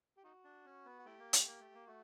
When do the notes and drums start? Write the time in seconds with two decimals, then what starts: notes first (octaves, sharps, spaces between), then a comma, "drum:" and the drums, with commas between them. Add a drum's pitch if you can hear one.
0.17 G4
0.24 D#4 F#4
0.44 D4
0.65 C#4
0.86 B3
0.99 F#4
1.06 A3 E4 G4
1.19 A#3
1.33 A3, drum: hi-hat
1.46 A#3
1.60 A3
1.74 A#3
1.87 A3 F#4